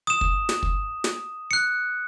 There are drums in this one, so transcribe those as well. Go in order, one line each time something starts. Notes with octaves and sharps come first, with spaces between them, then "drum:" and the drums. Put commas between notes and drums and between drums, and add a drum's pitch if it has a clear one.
D#6 E7
drum: kick
drum: snare
drum: kick
drum: snare
F#6 C#7